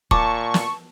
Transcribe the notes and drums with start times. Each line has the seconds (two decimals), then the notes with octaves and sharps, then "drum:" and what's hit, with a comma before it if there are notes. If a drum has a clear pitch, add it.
0.11 A#2 A5 C#6 D6, drum: kick
0.54 drum: snare